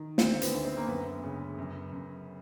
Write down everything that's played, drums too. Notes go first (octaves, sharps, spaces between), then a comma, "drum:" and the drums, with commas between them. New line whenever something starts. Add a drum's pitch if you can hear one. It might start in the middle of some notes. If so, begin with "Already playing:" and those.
Already playing: D#3
D2 C4, drum: snare
B3, drum: hi-hat
D2
C4
A#3
F#2 B3
C#3
F#2
F#2